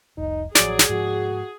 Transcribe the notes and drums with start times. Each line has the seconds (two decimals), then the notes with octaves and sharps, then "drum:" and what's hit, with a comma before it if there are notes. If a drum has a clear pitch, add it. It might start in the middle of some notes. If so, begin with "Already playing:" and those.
0.18 F1 C2 D#4
0.55 A1 F3 F#3 G#4 D5, drum: snare
0.79 drum: snare
0.89 G#2 F3 F#4